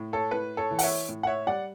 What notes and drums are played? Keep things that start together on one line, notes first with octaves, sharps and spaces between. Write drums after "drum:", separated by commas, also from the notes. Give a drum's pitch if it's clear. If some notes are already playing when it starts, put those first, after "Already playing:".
Already playing: A2
A4 C#5
A2 B4
A4 C#5
E3
F#5, drum: open hi-hat
C#5 E5
A2
F#5
C#5 E5
G3 D5 F#5